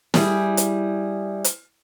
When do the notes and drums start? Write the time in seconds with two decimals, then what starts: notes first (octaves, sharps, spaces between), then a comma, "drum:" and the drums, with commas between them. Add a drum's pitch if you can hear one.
0.14 G3 E4 G#4, drum: snare
0.57 drum: hi-hat
1.44 drum: hi-hat